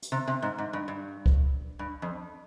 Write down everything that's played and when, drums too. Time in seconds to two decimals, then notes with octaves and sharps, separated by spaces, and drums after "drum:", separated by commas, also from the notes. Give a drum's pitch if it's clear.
0.02 drum: hi-hat
0.12 C3
0.28 C3
0.42 G#2
0.58 G#2
0.73 G2
0.88 G2
1.26 drum: kick C#2
1.79 G2
2.02 F2